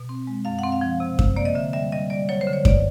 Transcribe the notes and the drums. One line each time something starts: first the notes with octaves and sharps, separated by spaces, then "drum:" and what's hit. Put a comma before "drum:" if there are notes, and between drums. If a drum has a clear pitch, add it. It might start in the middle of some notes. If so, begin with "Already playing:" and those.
Already playing: B2
C4
G#3
F#2 F5
C4 F#5
F5
F3
C3
C3, drum: kick F#2
A#3 D5
D#5
D3 E5
G3 E5
G3 D#5
G3 D5
F#3 C#5
C5
D3
C#5
F#3 D5, drum: kick F#2